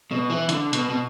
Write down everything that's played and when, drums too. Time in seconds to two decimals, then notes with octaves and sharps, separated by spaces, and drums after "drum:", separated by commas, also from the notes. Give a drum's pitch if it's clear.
0.11 B2
0.30 E3
0.49 D3, drum: hi-hat
0.73 B2, drum: hi-hat
0.89 B2